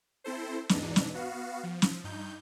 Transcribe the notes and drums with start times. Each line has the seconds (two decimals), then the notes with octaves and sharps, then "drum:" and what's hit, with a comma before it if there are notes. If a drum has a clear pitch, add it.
0.24 C4 E4 A4 C5
0.69 E2 G#2 B2 E3 D4 D#4, drum: snare
0.96 drum: snare
1.14 B3 F#4 F5
1.63 F3
1.82 drum: snare
2.04 G2 D#4 G6